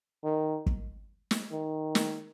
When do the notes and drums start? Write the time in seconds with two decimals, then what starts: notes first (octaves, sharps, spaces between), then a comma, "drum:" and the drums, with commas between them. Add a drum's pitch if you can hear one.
0.24 D#3
0.66 drum: kick
1.31 drum: snare
1.52 D#3
1.95 drum: snare